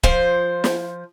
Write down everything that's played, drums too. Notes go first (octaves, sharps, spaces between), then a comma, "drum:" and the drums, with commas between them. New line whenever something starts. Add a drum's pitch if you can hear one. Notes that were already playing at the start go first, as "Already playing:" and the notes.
F3 C5, drum: kick
drum: snare